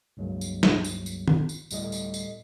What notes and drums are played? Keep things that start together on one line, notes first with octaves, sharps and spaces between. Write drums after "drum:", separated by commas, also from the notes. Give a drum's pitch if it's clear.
C#2 G2 F#3 G#3 A#3
drum: tambourine
drum: snare
drum: tambourine
drum: tambourine
drum: tom
drum: tambourine
D2 A2 G3 B3 A4 D#5, drum: tambourine
drum: tambourine
drum: tambourine